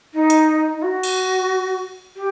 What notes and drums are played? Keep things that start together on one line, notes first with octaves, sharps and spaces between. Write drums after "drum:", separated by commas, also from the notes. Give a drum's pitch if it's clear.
D#4
drum: hi-hat
D#4
F#4
drum: cymbal
G4